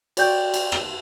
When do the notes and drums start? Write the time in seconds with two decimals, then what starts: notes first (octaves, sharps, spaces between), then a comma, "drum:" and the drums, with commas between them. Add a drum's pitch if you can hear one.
0.17 F#4 C#5 D5 G5 G6, drum: cymbal
0.54 drum: cymbal
0.72 drum: rim click